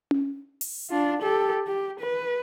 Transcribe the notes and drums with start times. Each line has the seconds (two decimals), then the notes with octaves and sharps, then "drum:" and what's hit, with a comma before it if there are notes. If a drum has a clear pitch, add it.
0.11 drum: tom C#4
0.61 drum: open hi-hat
0.90 D4 F4
1.22 G4 A4
1.67 G4
2.00 B4